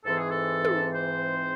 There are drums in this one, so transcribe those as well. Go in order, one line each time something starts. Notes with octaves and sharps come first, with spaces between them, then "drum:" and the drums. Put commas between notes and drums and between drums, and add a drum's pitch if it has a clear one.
G#2 E3 C4 A4
G#4
A4
drum: tom
C5